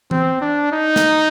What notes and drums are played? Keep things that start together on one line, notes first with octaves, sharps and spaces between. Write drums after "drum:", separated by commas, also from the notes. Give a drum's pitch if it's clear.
C4, drum: tom E3
D4
D#4
drum: snare